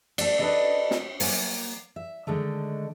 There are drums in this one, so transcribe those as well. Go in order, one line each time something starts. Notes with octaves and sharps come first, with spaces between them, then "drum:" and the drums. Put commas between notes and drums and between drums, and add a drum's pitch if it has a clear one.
A3 D5, drum: cymbal
D4 D#4 A4 B4 D5 D#5
drum: snare
F#3 A#3 G#5, drum: open hi-hat
E5
D3 D#3 G#3 A3